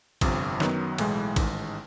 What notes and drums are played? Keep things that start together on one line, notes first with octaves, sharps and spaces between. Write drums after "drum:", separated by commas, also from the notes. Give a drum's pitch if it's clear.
G1 F2 C3, drum: kick, cymbal
F#2 D#3 F#3 B3, drum: snare
B1 A2 E3 G#3, drum: cymbal
A1 G#2 D#3 G#3, drum: kick, cymbal